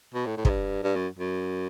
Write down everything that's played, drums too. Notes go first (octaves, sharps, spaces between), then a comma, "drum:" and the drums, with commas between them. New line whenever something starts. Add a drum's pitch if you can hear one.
B2
A2
A2
G#2, drum: kick
G2
G2
F#2
F#2